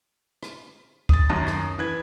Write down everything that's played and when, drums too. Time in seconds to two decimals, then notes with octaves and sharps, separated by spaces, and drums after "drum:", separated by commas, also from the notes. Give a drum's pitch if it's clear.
0.43 drum: rim click
1.09 D#6 A6, drum: kick
1.29 F#2 D#3 A5 A#6
1.47 drum: rim click
1.78 E3 B4 G#6